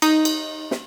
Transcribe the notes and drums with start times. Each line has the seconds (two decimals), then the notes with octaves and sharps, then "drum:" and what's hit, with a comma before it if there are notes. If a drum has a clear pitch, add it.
0.02 D#4, drum: cymbal
0.25 drum: cymbal
0.71 drum: snare